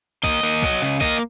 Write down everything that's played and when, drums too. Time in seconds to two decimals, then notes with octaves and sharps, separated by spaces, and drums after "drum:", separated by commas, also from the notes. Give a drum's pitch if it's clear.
0.24 A#3 D#5, drum: kick B1
0.43 A#3
0.62 F#3, drum: kick B1
0.82 C#3
1.01 A#3 D#5, drum: kick B1